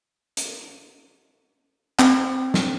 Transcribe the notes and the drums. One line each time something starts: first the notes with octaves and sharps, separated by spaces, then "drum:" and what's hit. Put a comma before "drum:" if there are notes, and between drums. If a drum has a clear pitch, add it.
drum: hi-hat
C4, drum: clap
drum: snare